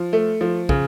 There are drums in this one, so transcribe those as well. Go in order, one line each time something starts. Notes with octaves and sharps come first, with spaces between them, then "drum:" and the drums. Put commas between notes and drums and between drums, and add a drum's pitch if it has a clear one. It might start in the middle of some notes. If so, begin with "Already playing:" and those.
Already playing: F3
A3
F3
C#3, drum: kick